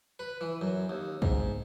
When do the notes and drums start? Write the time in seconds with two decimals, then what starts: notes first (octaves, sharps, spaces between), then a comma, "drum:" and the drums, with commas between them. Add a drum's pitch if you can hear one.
0.19 B4
0.41 E3
0.61 F#2
0.90 D#2
1.22 G#2, drum: kick